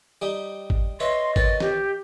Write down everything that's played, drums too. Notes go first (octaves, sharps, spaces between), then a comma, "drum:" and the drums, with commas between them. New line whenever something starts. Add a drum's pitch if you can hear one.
G3 D#4 G4
drum: kick G#1
B4 C#5 D#5 E5 C6
D#3 B4 C#5 A6, drum: kick G#1
G4, drum: snare